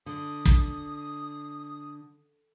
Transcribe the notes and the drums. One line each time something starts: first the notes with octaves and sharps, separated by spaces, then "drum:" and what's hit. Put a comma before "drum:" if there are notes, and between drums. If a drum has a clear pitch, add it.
D3 D#6
drum: kick